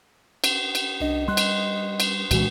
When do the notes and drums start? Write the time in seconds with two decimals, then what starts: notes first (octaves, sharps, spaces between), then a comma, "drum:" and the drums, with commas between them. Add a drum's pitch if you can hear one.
0.44 drum: cymbal
0.75 drum: cymbal
1.00 C2 D4 D#5
1.28 G3 D#5 C6 F#6
1.37 drum: cymbal
2.00 drum: cymbal
2.31 C2 A#2 E3 G#3 F#4, drum: cymbal